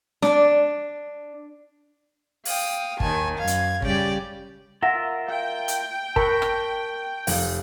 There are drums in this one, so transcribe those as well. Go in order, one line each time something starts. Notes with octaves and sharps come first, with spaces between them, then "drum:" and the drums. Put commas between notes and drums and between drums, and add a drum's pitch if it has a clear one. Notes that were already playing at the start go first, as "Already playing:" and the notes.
D4, drum: snare
F5 G5 D#6, drum: open hi-hat
D#2 D#3 G#5 A5, drum: kick G1
F#2 F5 G#6
drum: hi-hat
C#3 G3 G4 D5 G5, drum: kick G1
F4 A#4 E5 F#5 A#6
F5 G5
drum: hi-hat
A#4 A5 B5 C#6 F#6 A#6, drum: kick G1
drum: rim click
F1 F5, drum: open hi-hat